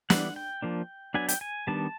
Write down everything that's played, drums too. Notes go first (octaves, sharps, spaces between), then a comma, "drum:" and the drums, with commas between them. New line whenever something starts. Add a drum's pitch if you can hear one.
E3 G3 B3 D4 F#5, drum: snare
G5
F3 A#3 D4
F#3 B3 D4 G#5
G5, drum: hi-hat
G#5
D#3 G3 B3 D4 A5